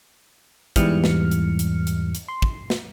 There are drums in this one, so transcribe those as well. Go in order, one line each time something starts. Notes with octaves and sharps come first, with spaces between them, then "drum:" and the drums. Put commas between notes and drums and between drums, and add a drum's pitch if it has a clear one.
E2 G#2 E3 G3 F6 C#7, drum: kick, hi-hat
drum: snare
drum: hi-hat
drum: hi-hat
drum: hi-hat
drum: hi-hat
C6
drum: kick
drum: snare